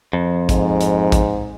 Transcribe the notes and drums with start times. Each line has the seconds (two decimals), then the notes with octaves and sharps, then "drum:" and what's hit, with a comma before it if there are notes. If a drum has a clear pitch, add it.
0.13 F2
0.49 G#2, drum: kick A1, hi-hat
0.81 drum: hi-hat
1.12 drum: kick A1, hi-hat